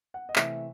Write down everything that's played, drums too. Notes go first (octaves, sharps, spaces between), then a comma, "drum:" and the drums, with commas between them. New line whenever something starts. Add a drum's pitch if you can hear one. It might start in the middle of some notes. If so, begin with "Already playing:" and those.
F#5
D#5
C3 E3 A3 E5, drum: clap